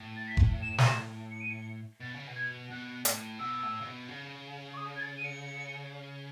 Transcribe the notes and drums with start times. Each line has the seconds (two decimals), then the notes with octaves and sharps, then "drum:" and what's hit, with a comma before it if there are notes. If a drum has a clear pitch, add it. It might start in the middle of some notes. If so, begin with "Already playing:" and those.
Already playing: A2
0.17 A6
0.28 B6
0.37 drum: kick F1
0.62 E7
0.78 D#7, drum: snare
0.86 E7
1.31 C#7
1.41 D#7
1.50 C#7
2.00 B2 A6
2.14 C#3
2.27 B2
2.36 G#6
2.70 B2 F#6
3.05 A2, drum: hi-hat
3.39 B2 E6
3.63 A2
3.81 C#3
3.86 B2
4.08 C#3
4.74 C#6
4.77 D#6
4.96 G#6
5.01 A6
5.17 D#7
5.24 C#7